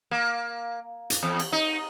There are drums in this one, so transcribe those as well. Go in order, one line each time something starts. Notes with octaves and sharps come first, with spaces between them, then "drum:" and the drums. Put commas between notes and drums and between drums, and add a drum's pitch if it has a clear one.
A#3
drum: hi-hat
E2
drum: cymbal
D#4